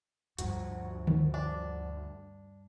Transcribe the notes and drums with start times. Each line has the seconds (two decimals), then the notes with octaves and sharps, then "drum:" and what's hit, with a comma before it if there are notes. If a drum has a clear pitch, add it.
0.39 D2 G2 F3 F#4, drum: hi-hat
1.07 drum: tom D3
1.34 D4